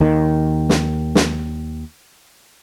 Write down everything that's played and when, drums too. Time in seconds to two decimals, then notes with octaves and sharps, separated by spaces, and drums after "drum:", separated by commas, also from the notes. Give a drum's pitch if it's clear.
0.01 D#2 D#3
0.69 drum: snare
1.15 drum: snare